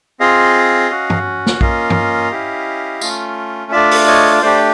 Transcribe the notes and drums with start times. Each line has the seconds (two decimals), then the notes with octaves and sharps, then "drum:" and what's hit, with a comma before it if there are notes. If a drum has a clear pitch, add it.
0.20 C4 F4 G#4 D#5 F5
0.90 C#4 F#4
1.10 drum: tom
1.46 drum: snare
1.61 A#3 C#4 F4 D#5 F5, drum: kick
1.90 drum: tom
2.31 C#4 E4 G4
3.01 A3 C#4 F4, drum: tambourine
3.72 A3 D4 F4 D5 E5
3.91 drum: open hi-hat
4.07 C#5 D#5
4.42 A3 D4 G4 C5 D5